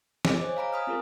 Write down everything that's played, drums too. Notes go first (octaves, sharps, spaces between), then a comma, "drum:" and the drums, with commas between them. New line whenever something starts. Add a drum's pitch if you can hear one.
D#5 D6, drum: snare
G#4 C5 C#5 G#5
F5 A#5 B5 D7
G#5 B5 D#6 F6
C4 F4 G#4 A#4